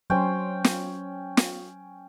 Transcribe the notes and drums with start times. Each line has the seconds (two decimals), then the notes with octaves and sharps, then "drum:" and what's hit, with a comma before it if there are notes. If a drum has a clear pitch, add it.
0.10 F#3 C#4 C5 G5
0.64 drum: snare
1.37 drum: snare